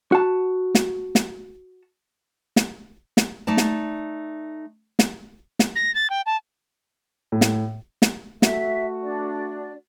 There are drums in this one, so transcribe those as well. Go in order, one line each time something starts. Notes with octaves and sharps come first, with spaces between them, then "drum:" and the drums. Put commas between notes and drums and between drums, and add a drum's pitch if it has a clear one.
F#4 A5
drum: snare
drum: snare
drum: snare
drum: snare
A3 D#4 D5 A5
drum: snare
drum: snare
drum: snare
A#6
A6
G5
A5
A2
drum: snare
drum: snare
A3 F#4 E5, drum: snare
D4 D5